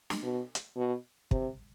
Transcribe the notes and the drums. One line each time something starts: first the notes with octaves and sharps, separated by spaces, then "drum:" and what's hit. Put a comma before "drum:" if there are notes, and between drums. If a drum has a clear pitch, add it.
drum: snare
B2
drum: hi-hat
B2
C3, drum: kick